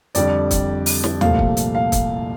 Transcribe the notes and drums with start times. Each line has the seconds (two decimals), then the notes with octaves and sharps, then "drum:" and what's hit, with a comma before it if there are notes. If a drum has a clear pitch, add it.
0.15 F2 D3 G3 D5, drum: hi-hat
0.51 drum: kick, hi-hat
0.86 drum: open hi-hat
1.04 drum: snare
1.21 C2 A#2 F3 A3 F5, drum: tom D#2
1.39 drum: kick
1.57 drum: hi-hat
1.75 F5
1.92 drum: kick, hi-hat